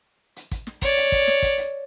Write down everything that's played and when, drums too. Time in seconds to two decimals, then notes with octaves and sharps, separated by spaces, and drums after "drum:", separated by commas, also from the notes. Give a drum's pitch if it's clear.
0.36 drum: hi-hat
0.52 drum: kick, hi-hat
0.67 drum: snare
0.82 C#5 D5, drum: kick, hi-hat
0.97 drum: hi-hat
1.12 drum: kick, hi-hat
1.27 drum: snare
1.42 drum: kick, hi-hat
1.58 drum: hi-hat